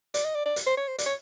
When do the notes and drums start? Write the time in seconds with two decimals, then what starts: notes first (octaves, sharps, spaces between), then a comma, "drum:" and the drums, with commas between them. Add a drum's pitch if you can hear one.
0.14 D5, drum: hi-hat
0.25 D#5
0.35 D5
0.45 D5
0.56 drum: hi-hat
0.67 C5
0.77 C#5
0.88 C5
0.99 D5, drum: hi-hat
1.06 C#5